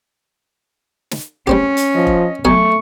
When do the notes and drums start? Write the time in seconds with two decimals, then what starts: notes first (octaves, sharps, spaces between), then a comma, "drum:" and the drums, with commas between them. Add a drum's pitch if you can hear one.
1.11 drum: snare
1.47 G3 C4 C#4 G4, drum: kick F1
1.77 drum: hi-hat
1.95 F3 D#5
2.07 drum: kick F1
2.45 B1 A3 D#4 G#5 C#6, drum: kick F1